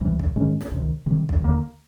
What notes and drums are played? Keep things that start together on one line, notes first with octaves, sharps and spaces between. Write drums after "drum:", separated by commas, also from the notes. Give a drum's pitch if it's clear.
C#2 C3 E3 G3
drum: kick
G#2 D#3 G#3 C#4
drum: snare
C#2 C3 D#3
C3 D#3 G3
drum: kick
D#2 D3 F#3 A#3